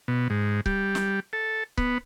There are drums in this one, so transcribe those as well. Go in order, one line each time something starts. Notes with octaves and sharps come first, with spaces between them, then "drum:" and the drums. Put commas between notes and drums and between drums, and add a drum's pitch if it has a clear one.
B2
G#2
G3, drum: kick C#1
drum: snare
A4
B3, drum: kick C#1